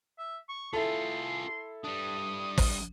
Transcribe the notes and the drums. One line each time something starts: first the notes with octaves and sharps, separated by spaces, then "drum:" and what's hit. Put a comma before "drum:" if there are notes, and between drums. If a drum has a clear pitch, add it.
E5
C#6
E4 F4 G#4 A4 C6
G3 D4 D#6
drum: kick, open hi-hat